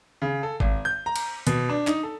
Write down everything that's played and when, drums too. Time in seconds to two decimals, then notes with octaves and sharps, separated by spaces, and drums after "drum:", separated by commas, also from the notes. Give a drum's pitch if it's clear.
0.22 C#3
0.43 A4
0.60 G#1, drum: kick G#1
0.85 G6
1.06 A#5
1.16 drum: cymbal
1.47 B2, drum: hi-hat
1.69 D4
1.87 D#4, drum: clap
2.03 A4